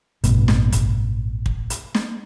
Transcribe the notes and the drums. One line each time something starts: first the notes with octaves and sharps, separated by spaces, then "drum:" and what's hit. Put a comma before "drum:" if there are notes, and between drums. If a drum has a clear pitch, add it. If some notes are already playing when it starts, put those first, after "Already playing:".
A1 G2 B2, drum: hi-hat
drum: snare
drum: kick, hi-hat
drum: kick
drum: hi-hat
drum: snare